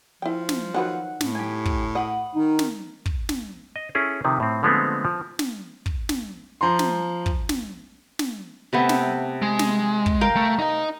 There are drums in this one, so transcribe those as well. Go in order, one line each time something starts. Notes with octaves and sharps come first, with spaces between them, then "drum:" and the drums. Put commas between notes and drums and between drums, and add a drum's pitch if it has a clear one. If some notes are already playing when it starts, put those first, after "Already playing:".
F3 E4 G5
drum: snare
D#3 F#3 B4 F#5
A2, drum: snare
G4 G#5
drum: kick
D#5 F#5 B5 D#6
D#3 D#4
drum: snare
drum: kick
drum: snare
D#5
C#4 E4 G#4 A4
C3 D#3 F3
A2 C4
D3 F3 G#3 A3 B3 C4
F3
drum: snare
drum: kick
drum: snare
F3 A#5 C6
drum: snare
drum: kick
drum: snare
drum: snare
C3 A3 B3
drum: snare
G#3
drum: snare
drum: kick
A#4 F5 G5
A3
D#4 D#5